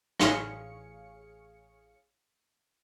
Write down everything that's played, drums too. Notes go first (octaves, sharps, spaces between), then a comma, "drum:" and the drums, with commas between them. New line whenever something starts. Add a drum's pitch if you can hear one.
A1 G#4 C#5 F5 C#7, drum: rim click